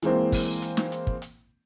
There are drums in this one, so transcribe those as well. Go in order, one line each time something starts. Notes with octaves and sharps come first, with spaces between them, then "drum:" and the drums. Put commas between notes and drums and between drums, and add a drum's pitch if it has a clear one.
E3 G#3 A#3 C4, drum: hi-hat
drum: kick, open hi-hat
drum: hi-hat
drum: snare
drum: hi-hat
drum: kick
drum: hi-hat